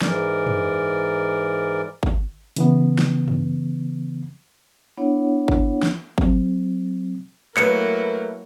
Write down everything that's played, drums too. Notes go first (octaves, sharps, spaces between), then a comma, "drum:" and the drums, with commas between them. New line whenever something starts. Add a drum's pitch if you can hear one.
G#2 E3 A#4 D5, drum: snare
drum: tom
drum: kick G#1
C#3 E3 B3, drum: hi-hat
drum: snare
drum: tom
B3 D4 E4 C#5 F#5
drum: kick G#1
drum: snare
F#3 C4, drum: kick G#1
F#3 A3 A#3 E4 A#4 B4 C#7, drum: clap